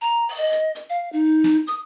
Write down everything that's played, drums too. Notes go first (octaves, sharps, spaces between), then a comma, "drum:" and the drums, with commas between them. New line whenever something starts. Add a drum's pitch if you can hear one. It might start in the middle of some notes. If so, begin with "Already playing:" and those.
A#5
drum: open hi-hat
D#5
drum: hi-hat
drum: hi-hat
F5
D#4
drum: snare
D#6, drum: hi-hat